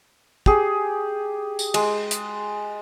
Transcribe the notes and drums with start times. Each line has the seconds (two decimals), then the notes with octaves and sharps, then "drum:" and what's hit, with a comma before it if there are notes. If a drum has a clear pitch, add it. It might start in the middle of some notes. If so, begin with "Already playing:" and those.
0.46 G4 G#4, drum: kick
1.59 drum: tambourine
1.74 G#3, drum: cymbal
2.11 drum: hi-hat